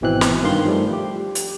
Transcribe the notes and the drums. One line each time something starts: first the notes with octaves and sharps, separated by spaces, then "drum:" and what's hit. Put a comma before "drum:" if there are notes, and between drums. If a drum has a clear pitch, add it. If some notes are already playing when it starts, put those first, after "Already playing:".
G#1 B2 E3 C4 F#6
drum: snare
G2 D#3 F5 C6
F3 G3 A3
G4
drum: hi-hat